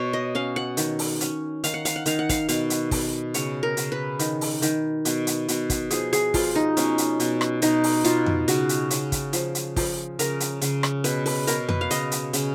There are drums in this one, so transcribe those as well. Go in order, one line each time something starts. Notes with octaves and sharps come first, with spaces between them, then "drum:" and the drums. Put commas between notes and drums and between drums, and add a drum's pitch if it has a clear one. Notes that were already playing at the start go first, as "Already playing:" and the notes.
Already playing: B2 C#5
D#5
C#4 F5
F#5
D#3, drum: hi-hat
drum: open hi-hat
C#4, drum: hi-hat
D#3 F5, drum: hi-hat
F#5
F5, drum: hi-hat
F#5
D#3 F5, drum: hi-hat
F#5
F5, drum: kick, hi-hat
B2 F5, drum: hi-hat
drum: hi-hat
B2, drum: kick, open hi-hat
C#3 C#5, drum: hi-hat
A#4
C#3, drum: hi-hat
B4
D#3, drum: hi-hat
drum: open hi-hat
D#3, drum: hi-hat
B2, drum: hi-hat
drum: hi-hat
B2, drum: hi-hat
drum: kick, hi-hat
F3 G#4, drum: hi-hat
G#4, drum: hi-hat
F3 F4, drum: kick, open hi-hat
D#4
B2 C#4, drum: hi-hat
drum: hi-hat
B2, drum: hi-hat
drum: rim click
B2 D#4, drum: hi-hat
drum: open hi-hat
B2 F4, drum: hi-hat
drum: tom F2
C#3 F#4, drum: hi-hat
drum: hi-hat
C#3, drum: hi-hat
drum: kick, hi-hat
F3, drum: hi-hat
drum: hi-hat
F3, drum: kick, open hi-hat
C#3 A#4, drum: hi-hat
drum: hi-hat
C#3, drum: hi-hat
drum: rim click
B2 B4, drum: hi-hat
B4, drum: open hi-hat
B2 A#4, drum: hi-hat
B4, drum: tom F2
F5
C#3 D#5, drum: hi-hat
drum: hi-hat
C#3, drum: hi-hat